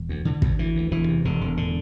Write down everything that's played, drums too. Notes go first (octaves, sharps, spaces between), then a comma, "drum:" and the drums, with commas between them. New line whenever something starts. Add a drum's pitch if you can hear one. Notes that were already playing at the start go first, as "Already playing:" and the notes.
Already playing: E1
D2
D2 D3
D2, drum: kick
D2 E3
D2
E1 E3
C3
E1 D3
E1
A2 D3